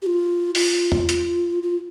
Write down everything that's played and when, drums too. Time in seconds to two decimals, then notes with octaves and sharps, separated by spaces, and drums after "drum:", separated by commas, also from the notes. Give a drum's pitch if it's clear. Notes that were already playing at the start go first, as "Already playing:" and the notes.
0.02 G4
0.06 F4
0.55 F4, drum: open hi-hat
0.92 drum: tom E2
1.09 drum: hi-hat
1.63 F4